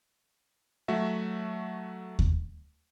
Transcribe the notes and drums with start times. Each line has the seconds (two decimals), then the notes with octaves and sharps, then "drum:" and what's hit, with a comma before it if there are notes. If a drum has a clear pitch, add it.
0.88 F#3 A3 F#4 E5
2.19 drum: kick D#2